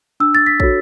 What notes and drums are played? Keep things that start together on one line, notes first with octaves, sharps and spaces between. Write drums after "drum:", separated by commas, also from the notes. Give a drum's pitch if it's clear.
D4 E6
A6
B6
F#4 A4 C#5, drum: kick